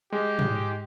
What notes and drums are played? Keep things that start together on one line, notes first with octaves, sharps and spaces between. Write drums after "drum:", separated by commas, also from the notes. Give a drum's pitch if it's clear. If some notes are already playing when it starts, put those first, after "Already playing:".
G#3 G4
drum: tom